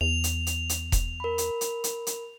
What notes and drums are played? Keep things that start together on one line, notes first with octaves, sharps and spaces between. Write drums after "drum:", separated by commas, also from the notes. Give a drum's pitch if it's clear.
E2 F7
drum: hi-hat
drum: hi-hat
drum: hi-hat
drum: kick E1, hi-hat
A#4 B5
drum: hi-hat
drum: hi-hat
drum: hi-hat
drum: hi-hat